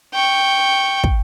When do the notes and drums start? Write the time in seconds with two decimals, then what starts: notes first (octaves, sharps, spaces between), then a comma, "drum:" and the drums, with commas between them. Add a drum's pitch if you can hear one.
0.13 G5 C#6
1.04 drum: kick